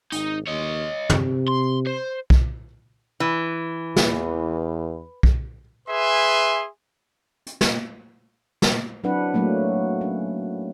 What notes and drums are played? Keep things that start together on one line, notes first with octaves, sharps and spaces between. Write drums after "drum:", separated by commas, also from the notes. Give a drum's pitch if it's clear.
G#1 D#4, drum: hi-hat
D#2 C#5 D#5
C3, drum: tom
C6
C5
drum: kick B1
E3
E2, drum: snare
drum: kick B1
G#4 B4 E5 G#5 C6
drum: hi-hat
drum: snare
drum: snare
F#3 C4 D4 E4 B4 F#5
F#3 A3 A#3 C4
C#4